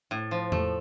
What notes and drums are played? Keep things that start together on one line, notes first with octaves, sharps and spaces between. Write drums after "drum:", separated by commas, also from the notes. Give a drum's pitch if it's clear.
A2
F3
A3, drum: tom E2